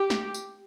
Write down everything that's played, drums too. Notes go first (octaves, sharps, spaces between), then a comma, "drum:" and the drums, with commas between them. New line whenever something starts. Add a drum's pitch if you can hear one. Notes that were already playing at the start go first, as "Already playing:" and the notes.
Already playing: G4
drum: snare
drum: tambourine